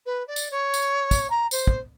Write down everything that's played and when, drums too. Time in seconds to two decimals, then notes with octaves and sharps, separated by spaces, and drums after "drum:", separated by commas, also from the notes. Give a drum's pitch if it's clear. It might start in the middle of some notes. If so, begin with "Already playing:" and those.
0.06 B4
0.27 D5
0.36 drum: tambourine
0.51 C#5
0.74 drum: tambourine
1.11 drum: kick, tambourine
1.30 A#5
1.51 C5, drum: tambourine
1.67 drum: kick